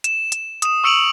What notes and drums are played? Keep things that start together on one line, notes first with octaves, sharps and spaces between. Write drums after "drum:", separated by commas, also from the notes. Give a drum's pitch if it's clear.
E7, drum: hi-hat
drum: hi-hat
D#6 E7, drum: hi-hat
C#6 E6 C#7 D7 F7 F#7